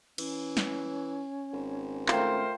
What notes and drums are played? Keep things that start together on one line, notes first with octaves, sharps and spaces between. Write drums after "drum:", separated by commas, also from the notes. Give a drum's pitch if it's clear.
E3 C#4, drum: cymbal
drum: snare
G#1
A3 F4 A#4 C5 G5, drum: clap